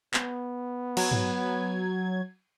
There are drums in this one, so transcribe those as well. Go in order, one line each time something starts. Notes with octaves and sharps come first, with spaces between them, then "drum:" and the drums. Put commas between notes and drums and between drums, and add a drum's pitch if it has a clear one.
B3, drum: clap
F#3 G#6, drum: cymbal
drum: tom G2